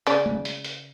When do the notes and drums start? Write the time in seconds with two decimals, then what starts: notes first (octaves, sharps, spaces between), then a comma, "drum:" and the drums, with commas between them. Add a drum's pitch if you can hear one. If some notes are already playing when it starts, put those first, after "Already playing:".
0.07 C#3 D5, drum: hi-hat
0.26 drum: tom
0.45 drum: hi-hat
0.64 drum: hi-hat